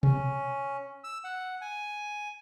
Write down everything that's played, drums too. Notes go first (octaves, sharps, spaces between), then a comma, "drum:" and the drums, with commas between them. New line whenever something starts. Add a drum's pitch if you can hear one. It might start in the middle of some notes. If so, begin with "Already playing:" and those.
C#4, drum: tom B2
E6
F#5
G#5